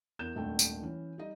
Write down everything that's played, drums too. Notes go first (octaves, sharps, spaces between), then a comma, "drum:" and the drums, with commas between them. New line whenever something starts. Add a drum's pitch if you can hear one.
E2 A#4 G6 E7
D#1 G#1 A3 D4 G5
drum: tambourine
E3 C#4
G3 D#4 D#5